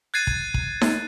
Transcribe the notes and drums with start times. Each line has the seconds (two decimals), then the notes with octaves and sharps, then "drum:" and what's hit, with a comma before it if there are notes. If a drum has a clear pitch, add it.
0.14 F#6 G#6 A6 C7 D#7
0.27 drum: kick
0.54 drum: kick
0.81 drum: snare D#4